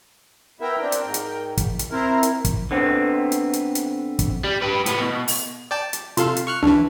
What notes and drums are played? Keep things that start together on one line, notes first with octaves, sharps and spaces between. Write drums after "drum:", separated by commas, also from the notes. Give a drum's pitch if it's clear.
B3 E4 A#4 E5 G5
C4 D4
drum: hi-hat
G#2
drum: hi-hat
drum: kick, hi-hat
drum: hi-hat
C4 E4 A#4 C5 A#5
drum: hi-hat
drum: kick, hi-hat
D3 B3 C4
drum: hi-hat
drum: hi-hat
drum: hi-hat
drum: kick, hi-hat
G3
G4 B4
A2 B3, drum: hi-hat
B2
drum: open hi-hat
D5 G5 A5
drum: hi-hat
C3 F4 A4 F5, drum: hi-hat
drum: hi-hat
C#6 F6 F#6
C#2 E3 D4